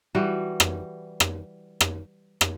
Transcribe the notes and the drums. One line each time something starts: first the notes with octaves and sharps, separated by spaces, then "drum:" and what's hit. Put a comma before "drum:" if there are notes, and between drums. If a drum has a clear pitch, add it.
E3 G3 F#4
drum: rim click
drum: rim click
drum: rim click
drum: rim click